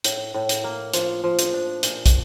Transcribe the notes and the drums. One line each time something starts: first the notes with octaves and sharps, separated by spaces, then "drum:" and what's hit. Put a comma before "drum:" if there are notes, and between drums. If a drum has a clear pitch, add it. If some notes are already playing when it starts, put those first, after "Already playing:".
A2, drum: hi-hat
A2
drum: hi-hat
A#3
F3, drum: hi-hat
F3
drum: hi-hat
D4
A#2, drum: hi-hat
drum: kick, hi-hat